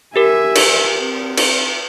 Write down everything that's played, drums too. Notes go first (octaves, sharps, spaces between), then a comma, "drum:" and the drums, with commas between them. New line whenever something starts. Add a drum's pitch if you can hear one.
G4 A#4 E5 G#5
drum: cymbal
C4
drum: cymbal